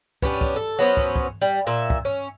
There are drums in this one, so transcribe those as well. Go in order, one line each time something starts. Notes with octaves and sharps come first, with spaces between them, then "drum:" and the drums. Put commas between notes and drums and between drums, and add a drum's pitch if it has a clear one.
B3 C#4 D4 G4, drum: kick
drum: kick
A4
F#3 B3 C#4 C5
drum: kick
drum: kick
G3
A#2 E5
drum: kick
C#4